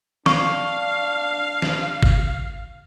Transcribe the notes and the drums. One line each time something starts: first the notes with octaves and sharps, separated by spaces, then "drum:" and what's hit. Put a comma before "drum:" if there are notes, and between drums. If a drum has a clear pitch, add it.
D4 F5 C#6, drum: snare
drum: snare
drum: kick G1